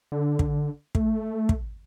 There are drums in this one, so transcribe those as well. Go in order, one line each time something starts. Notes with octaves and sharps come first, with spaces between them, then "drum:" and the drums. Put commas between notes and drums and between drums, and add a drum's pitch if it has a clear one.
D3
drum: kick
A3, drum: kick
drum: kick